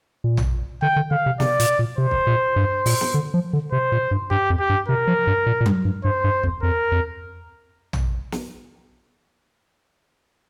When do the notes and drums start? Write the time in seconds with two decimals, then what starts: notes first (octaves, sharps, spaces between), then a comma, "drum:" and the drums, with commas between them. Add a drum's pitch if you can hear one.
0.24 A#2
0.37 drum: tom A#1
0.82 D3 G5
0.96 D3
1.11 D3 F5
1.26 C3
1.40 C3 D5, drum: snare
1.60 A#2, drum: hi-hat
1.79 A#2
1.98 C3 C5
2.11 drum: kick
2.27 A#2
2.56 G2
2.86 A#2, drum: open hi-hat
3.01 drum: snare
3.14 D3
3.34 F3
3.53 D3
3.72 C3 C5
3.92 A#2
4.11 G2
4.30 G2 G4
4.50 F2
4.60 G4
4.69 G2
4.88 C3 A#4
5.07 F3
5.27 G2
5.46 A#2
5.61 A#2
5.66 G2, drum: tom F#3
5.85 G2
6.04 G2 C5
6.24 G2
6.44 F2, drum: kick
6.63 F2 A#4
6.92 F2
7.93 drum: tom A#1
8.32 drum: snare